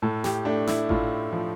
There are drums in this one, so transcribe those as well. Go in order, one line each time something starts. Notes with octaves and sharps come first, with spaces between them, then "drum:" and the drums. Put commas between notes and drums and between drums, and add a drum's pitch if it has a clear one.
A2 A4
G4, drum: snare
A3 D4
E4, drum: snare
A2 F4, drum: kick G#1
F3